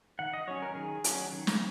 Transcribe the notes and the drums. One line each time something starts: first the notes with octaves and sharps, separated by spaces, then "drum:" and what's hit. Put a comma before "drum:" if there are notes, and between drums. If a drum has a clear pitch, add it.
D#3 F#5
D#5
F#3 C#4 C#5
A#4
D#3 G#4
F#3 C#4, drum: hi-hat
D#3
drum: snare